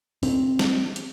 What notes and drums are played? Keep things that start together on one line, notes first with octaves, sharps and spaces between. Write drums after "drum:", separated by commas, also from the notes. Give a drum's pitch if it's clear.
C4, drum: open hi-hat
drum: snare
drum: hi-hat